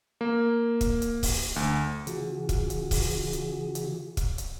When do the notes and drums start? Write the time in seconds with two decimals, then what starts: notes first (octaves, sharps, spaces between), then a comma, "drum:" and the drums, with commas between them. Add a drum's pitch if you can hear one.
0.21 A#3
0.81 drum: kick, hi-hat
1.02 drum: hi-hat
1.23 drum: kick, open hi-hat
1.56 D2
2.07 C#3 E3 F4 F#4 G#4, drum: hi-hat
2.49 drum: kick, hi-hat
2.70 drum: hi-hat
2.91 drum: kick, open hi-hat
3.33 drum: hi-hat
3.75 drum: hi-hat
4.17 drum: kick, hi-hat
4.38 drum: hi-hat